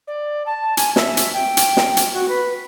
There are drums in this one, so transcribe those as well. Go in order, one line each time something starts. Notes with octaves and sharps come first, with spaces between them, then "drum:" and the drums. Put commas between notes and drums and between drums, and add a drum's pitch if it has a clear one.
D5
A5
G#5, drum: hi-hat
E5, drum: snare
drum: hi-hat
G5
drum: hi-hat
drum: snare
drum: hi-hat
F#4
B4